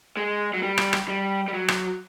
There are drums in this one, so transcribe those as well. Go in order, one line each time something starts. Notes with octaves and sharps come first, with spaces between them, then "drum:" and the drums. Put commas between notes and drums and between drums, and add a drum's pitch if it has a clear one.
G#3
F#3
G3
drum: rim click
drum: rim click
G3
G3
F#3
drum: rim click